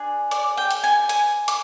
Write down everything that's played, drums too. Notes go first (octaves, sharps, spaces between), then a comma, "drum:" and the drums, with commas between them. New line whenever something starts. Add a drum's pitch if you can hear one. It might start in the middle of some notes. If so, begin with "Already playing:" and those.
Already playing: D4 G#4
D5, drum: hi-hat
G5
drum: hi-hat
G#5
G#5, drum: hi-hat
D6, drum: hi-hat